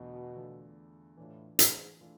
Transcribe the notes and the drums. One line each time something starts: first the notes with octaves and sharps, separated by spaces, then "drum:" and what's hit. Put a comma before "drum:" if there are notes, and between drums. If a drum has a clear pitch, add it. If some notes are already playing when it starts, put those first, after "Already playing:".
Already playing: E2 B2 D3 A3 D4 F4
E2 D3 A3 D4 F4
A2 E3 A3 D4 F4
G#2, drum: hi-hat
E3 A3 D4 F4